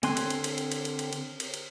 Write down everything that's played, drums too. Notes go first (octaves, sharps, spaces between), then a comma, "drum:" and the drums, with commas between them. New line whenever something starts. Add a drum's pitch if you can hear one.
D3 C4 G#5 C6 F#6, drum: cymbal
drum: cymbal
drum: cymbal
drum: cymbal
drum: cymbal
drum: cymbal
drum: cymbal
drum: cymbal
drum: cymbal
drum: cymbal
drum: cymbal